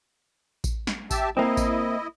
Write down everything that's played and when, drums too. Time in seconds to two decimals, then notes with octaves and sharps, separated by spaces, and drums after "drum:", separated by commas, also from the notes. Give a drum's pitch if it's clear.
0.64 drum: kick A1, tambourine
0.87 drum: snare
1.11 G4 E5 A5, drum: kick A1, tambourine
1.37 A#3 C4 E4 D#5
1.57 drum: kick A1, tambourine